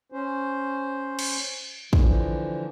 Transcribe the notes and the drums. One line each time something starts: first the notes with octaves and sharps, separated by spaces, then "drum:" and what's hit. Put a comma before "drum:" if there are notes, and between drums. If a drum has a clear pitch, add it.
C#4 C5
drum: cymbal
D3 E3 F3, drum: kick